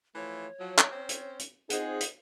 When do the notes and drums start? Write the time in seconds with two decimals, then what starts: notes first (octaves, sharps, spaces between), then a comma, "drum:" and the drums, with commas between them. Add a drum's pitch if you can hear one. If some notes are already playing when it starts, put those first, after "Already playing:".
0.15 E3 F3 A3 C#5
0.59 F3 F#3
0.78 drum: clap
0.91 C4 C#4 C5
1.09 drum: hi-hat
1.39 drum: hi-hat
1.70 C4 D#4 F4 G#4 C5 D#5 F#5, drum: hi-hat
2.01 drum: hi-hat